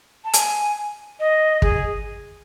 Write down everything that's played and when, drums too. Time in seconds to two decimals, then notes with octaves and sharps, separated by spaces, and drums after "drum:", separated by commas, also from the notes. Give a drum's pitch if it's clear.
0.25 A5
0.33 G#5, drum: hi-hat
1.20 D#5
1.62 G#4, drum: kick